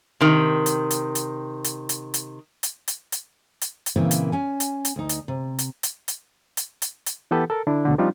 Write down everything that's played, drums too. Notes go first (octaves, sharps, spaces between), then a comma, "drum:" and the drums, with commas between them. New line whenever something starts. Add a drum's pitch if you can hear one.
C3 D#3
drum: hi-hat
drum: hi-hat
drum: hi-hat
drum: hi-hat
drum: hi-hat
drum: hi-hat
drum: hi-hat
drum: hi-hat
drum: hi-hat
drum: hi-hat
drum: hi-hat
A#2 C#3 E3 A#3 C4 E4
drum: hi-hat
C#4 G#5
drum: hi-hat
drum: hi-hat
D2 D#4
drum: hi-hat
C3
drum: hi-hat
drum: hi-hat
drum: hi-hat
drum: hi-hat
drum: hi-hat
drum: hi-hat
E3 B3 G4 A4 B4
A4 A#4
D3 D4 E4
D2 B2 D3
F3 G3 C4 D4 D#4 F4